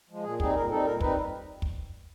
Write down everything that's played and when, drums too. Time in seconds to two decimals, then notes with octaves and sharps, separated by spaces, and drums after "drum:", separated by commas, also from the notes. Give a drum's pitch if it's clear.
0.09 F3 G#3
0.24 A#2 G#4
0.40 G3 C4 D#4 G#4, drum: kick
0.55 A#2 A#4
0.70 G3 C4 D#4 A4
0.85 A#2 A#4
1.01 G3 C4 D#4 B4, drum: kick
1.62 drum: kick